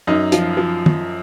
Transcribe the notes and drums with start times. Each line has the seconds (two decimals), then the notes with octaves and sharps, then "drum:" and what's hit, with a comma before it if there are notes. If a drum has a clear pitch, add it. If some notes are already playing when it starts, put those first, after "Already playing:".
0.07 F#2 D#4
0.32 F3, drum: hi-hat
0.57 F3
0.86 drum: tom